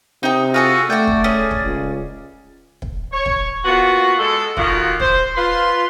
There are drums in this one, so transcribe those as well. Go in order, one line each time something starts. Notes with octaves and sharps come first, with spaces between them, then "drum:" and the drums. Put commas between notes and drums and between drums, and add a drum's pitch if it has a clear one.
C3 D#4 G5
F4 F#4 G#4 A4
A3 F#4 D5 G5
drum: kick
C#4 G#4
drum: kick
C#2
drum: kick
C#5
drum: kick
A#3 B3 F4 F#4
G#3 A4
D#3 A#3 F4 F#4, drum: kick
C5, drum: kick
F4 B4 C6